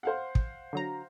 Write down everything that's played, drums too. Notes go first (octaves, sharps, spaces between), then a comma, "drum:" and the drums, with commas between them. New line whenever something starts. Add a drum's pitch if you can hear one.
C5 F5 F#5
drum: kick
D3 F#3 A#5